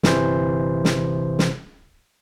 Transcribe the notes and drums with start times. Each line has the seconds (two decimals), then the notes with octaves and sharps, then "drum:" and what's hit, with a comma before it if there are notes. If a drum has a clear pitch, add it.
0.03 G1 C3 E3 C5, drum: snare
0.85 drum: snare
1.39 drum: snare